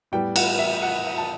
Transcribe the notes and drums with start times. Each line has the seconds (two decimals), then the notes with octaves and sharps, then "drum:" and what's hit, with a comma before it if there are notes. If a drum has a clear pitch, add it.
0.12 A2 G3 B3 G5
0.36 F#5, drum: cymbal
0.59 E5
0.82 F#5
1.17 A5